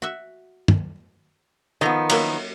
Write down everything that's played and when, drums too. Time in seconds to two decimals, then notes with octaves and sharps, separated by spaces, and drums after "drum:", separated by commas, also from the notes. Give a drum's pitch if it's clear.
0.02 F#4 E5
0.68 drum: tom
1.81 D#3 F3 B3 D#4 A4 A#5
2.10 F#3 A#3 E4, drum: cymbal